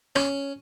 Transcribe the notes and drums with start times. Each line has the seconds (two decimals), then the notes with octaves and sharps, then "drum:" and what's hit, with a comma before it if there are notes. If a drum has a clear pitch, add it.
0.16 C#4, drum: rim click